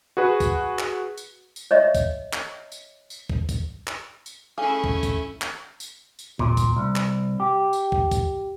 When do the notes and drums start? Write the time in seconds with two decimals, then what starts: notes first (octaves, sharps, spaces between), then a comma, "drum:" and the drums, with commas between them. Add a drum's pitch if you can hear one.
0.17 F#4 G#4 B4
0.40 drum: kick, tambourine
0.79 drum: clap
1.17 drum: tambourine
1.56 drum: tambourine
1.71 C#5 D#5 E5
1.95 drum: kick, tambourine
2.33 drum: clap
2.72 drum: tambourine
3.10 drum: tambourine
3.29 drum: kick
3.49 drum: kick, tambourine
3.87 drum: clap
4.26 drum: tambourine
4.58 A3 C#4 E4 G#4 F5
4.84 drum: kick
5.03 drum: kick, tambourine
5.42 drum: clap
5.80 drum: tambourine
6.19 drum: tambourine
6.39 A#2, drum: kick
6.57 drum: kick, tambourine
6.77 C2
6.96 drum: clap
7.40 G4
7.73 drum: tambourine
7.92 drum: kick
8.11 drum: kick, tambourine